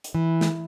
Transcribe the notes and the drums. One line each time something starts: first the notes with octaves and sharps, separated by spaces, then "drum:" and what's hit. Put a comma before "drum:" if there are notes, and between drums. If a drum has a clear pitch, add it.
drum: hi-hat
E3
drum: snare